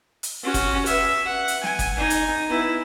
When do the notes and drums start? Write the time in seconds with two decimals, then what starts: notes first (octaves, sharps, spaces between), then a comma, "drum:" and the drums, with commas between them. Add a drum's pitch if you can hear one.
0.23 drum: hi-hat
0.43 C#4 F#4
0.54 drum: kick F#1, hi-hat
0.86 B4 E5, drum: hi-hat
1.25 F#5
1.48 drum: hi-hat
1.63 G#5, drum: snare
1.79 drum: kick F#1, hi-hat
1.97 D#4 G#5
2.10 drum: hi-hat
2.49 B3 E4